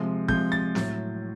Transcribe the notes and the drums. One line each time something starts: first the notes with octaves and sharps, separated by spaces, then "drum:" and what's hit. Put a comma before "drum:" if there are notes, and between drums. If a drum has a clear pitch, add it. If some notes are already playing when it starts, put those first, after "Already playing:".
Already playing: C3 F3 G#3
C3 F3 G#3 G6, drum: kick
A6
A2 F#3, drum: snare